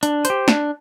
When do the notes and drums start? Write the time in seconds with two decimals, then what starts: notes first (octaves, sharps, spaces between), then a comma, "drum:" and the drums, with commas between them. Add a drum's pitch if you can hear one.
0.03 D4, drum: hi-hat
0.25 C5, drum: hi-hat
0.30 G4
0.48 D4, drum: snare